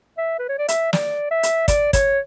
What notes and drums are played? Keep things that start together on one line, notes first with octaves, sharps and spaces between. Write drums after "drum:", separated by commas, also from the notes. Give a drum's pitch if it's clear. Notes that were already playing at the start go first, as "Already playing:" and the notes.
E5
B4
C#5
D5
E5, drum: hi-hat
D5, drum: snare
E5
drum: hi-hat
D5, drum: kick, hi-hat
C#5, drum: kick, hi-hat